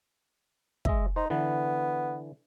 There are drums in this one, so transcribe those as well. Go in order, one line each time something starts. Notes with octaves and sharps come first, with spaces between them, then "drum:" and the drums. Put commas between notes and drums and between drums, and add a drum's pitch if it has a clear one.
G#3 D#5 E5, drum: kick
D#4 C5
D3 E3 B3